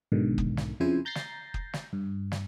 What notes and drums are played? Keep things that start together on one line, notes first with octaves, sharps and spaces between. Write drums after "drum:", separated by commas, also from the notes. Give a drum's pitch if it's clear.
B1 G#2 B2 D3 D#3
drum: kick
drum: snare
F2 C#3 F3 E4 C5 G#5
A#5 G6 A6 A#6 C7
drum: snare
drum: kick
drum: snare
G2
drum: snare